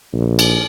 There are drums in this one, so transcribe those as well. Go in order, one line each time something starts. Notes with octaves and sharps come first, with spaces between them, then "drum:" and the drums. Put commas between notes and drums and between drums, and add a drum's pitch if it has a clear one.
A#1
drum: cymbal